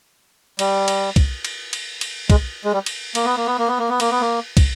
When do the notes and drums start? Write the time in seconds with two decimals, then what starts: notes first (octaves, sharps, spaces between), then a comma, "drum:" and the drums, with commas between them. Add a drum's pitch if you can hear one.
0.59 G3, drum: cymbal
0.88 drum: cymbal
1.16 drum: kick, cymbal
1.45 drum: cymbal
1.73 drum: cymbal
2.01 drum: cymbal
2.30 G#3, drum: kick, cymbal
2.64 G#3
2.73 G3
2.86 drum: cymbal
3.15 A#3, drum: cymbal
3.25 B3
3.36 A#3
3.46 B3
3.58 A#3
3.68 B3
3.79 A#3
3.89 B3
4.00 A#3, drum: cymbal
4.11 B3
4.20 A#3
4.57 drum: kick, cymbal